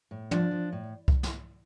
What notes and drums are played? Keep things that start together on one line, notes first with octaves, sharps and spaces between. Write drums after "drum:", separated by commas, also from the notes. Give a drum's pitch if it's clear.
A2
F3 D4, drum: tom
F3
A2
drum: kick C2
drum: snare